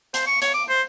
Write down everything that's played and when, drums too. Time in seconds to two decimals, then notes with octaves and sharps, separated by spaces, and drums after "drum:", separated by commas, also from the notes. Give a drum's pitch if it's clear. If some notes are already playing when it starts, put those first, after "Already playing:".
0.14 C5, drum: hi-hat
0.27 C#6
0.42 C#5, drum: hi-hat
0.54 D6
0.69 C5